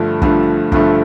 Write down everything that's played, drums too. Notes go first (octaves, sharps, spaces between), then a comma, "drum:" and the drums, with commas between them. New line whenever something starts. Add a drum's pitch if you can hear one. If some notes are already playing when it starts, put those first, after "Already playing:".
Already playing: G2 D3 F3 A3
G2 D3 F3 A3, drum: kick
G2 D3 F3 A3, drum: kick